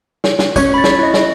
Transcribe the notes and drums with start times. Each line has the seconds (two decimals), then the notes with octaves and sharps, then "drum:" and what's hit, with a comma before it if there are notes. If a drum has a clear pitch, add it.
0.24 drum: snare
0.39 drum: snare
0.56 C#4 C#5, drum: kick, tambourine
0.74 B5 A6
0.84 drum: snare
0.99 E4 D#5
1.14 drum: snare